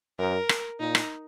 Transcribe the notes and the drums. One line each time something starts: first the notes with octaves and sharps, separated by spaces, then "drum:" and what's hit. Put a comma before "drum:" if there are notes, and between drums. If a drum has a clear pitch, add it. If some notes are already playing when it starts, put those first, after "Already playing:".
F#2 A#4
drum: rim click
A#2 D#4
drum: rim click